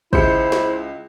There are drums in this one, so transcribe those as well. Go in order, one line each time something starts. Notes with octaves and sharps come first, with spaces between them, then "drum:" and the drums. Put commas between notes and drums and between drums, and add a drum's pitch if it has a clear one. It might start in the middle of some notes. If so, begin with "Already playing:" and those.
C#2 G#3 E4 C5 C#7, drum: kick
drum: snare